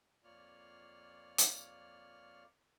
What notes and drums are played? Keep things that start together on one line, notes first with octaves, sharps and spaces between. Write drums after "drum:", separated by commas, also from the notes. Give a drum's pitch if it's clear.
F2 A#3 F4 C#5 D5 F6
drum: hi-hat